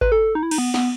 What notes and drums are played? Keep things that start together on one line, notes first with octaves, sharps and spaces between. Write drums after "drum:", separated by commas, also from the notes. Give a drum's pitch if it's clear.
B4, drum: kick G#1
A4
D#4
E4
D#4, drum: cymbal
B3
B3, drum: snare